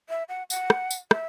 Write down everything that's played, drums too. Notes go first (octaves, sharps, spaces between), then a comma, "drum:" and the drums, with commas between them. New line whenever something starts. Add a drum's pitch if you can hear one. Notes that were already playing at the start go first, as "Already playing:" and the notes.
E5
F#5
F#5, drum: tambourine
drum: rim click
drum: tambourine
E5, drum: rim click